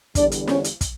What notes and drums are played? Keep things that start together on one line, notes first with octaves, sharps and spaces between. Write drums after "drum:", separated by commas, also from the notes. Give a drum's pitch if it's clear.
E2 D3 G3 D4 D5, drum: kick, hi-hat
drum: hi-hat
C#4 C#5, drum: snare
drum: hi-hat
drum: kick, hi-hat